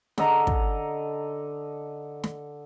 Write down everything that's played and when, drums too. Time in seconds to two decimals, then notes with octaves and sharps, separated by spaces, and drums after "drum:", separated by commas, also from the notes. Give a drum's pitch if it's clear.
0.18 D3 A4 D#5 A#5, drum: snare
0.47 drum: kick
2.24 drum: snare